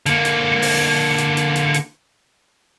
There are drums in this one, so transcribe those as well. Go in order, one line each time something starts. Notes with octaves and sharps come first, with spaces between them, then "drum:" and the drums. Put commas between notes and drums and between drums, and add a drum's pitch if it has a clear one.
D3 A#3, drum: hi-hat
drum: hi-hat
drum: open hi-hat
drum: hi-hat
drum: hi-hat
drum: hi-hat
drum: hi-hat